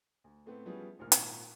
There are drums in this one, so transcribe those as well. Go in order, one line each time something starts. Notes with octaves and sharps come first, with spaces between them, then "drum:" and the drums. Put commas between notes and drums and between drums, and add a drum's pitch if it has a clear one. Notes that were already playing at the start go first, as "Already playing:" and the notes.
D2
A2 A3 B3 C4
F3 G3 B3 C#4 E4 G#4
G#1 D2 A#2 F6
G#1 A#2 A5 G#6, drum: hi-hat